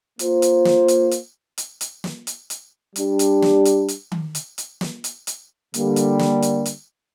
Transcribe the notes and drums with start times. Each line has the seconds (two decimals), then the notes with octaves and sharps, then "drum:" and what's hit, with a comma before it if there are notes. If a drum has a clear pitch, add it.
0.19 A#3 F4 C5, drum: hi-hat
0.42 drum: hi-hat
0.65 drum: snare
0.88 drum: hi-hat
1.11 drum: hi-hat
1.58 drum: hi-hat
1.81 drum: hi-hat
2.04 drum: snare
2.27 drum: hi-hat
2.50 drum: hi-hat
2.96 G3 D4 G4, drum: hi-hat
3.19 drum: hi-hat
3.42 drum: snare
3.65 drum: hi-hat
3.88 drum: hi-hat
4.12 drum: tom D#3
4.35 drum: hi-hat
4.58 drum: hi-hat
4.81 drum: snare
5.04 drum: hi-hat
5.27 drum: hi-hat
5.74 D3 G3 A#3, drum: hi-hat
5.96 drum: hi-hat
6.19 drum: snare
6.42 drum: hi-hat
6.66 drum: hi-hat